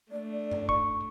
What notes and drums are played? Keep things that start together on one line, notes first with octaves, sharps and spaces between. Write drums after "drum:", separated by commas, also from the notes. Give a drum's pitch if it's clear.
A3 D4 D5
drum: tom G2
C#6, drum: kick